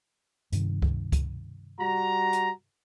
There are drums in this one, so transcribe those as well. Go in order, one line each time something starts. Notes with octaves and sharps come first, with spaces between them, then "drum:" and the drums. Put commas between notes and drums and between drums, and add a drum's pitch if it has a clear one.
G2 C3 D#3, drum: hi-hat
drum: kick C#2
drum: kick C#2, hi-hat
G3 F#4 A#5
drum: hi-hat